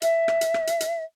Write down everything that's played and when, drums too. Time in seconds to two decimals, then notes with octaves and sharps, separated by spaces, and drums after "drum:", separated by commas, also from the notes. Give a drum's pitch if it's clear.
0.02 E5, drum: hi-hat
0.28 drum: rim click
0.41 drum: hi-hat
0.54 drum: rim click
0.67 drum: hi-hat
0.80 drum: hi-hat